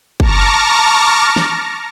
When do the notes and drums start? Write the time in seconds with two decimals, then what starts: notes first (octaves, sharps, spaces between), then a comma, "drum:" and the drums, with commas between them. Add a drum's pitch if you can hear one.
0.20 A5 A#5 C#6 D6 F6 A#6, drum: kick F#1
1.36 drum: snare